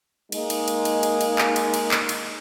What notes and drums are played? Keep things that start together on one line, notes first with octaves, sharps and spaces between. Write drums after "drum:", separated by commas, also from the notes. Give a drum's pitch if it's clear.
G#3 A#3 D#4, drum: cymbal
drum: cymbal
drum: cymbal
drum: cymbal
drum: cymbal
drum: cymbal
drum: clap
drum: cymbal
drum: cymbal
drum: clap
drum: cymbal